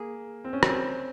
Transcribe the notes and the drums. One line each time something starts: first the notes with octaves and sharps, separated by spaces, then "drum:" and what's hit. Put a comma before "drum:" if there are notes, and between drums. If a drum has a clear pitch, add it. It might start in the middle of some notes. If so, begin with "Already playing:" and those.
Already playing: A#3 G#4
C4
C#4
C4, drum: rim click